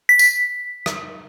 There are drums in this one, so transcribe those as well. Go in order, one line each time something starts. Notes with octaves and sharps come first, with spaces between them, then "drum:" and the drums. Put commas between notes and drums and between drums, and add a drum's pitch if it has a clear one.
B6
drum: tambourine
drum: rim click